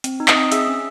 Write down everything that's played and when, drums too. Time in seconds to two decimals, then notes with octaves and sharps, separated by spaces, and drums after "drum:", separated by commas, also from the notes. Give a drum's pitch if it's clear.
0.04 C4, drum: hi-hat
0.20 D#4
0.28 D#5 D#6, drum: clap
0.36 C4
0.52 G#4 E5 E6, drum: hi-hat
0.68 C#4